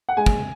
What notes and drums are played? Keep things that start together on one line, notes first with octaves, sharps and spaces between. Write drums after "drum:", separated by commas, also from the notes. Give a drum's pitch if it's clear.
F#5
G#3 G#5
drum: kick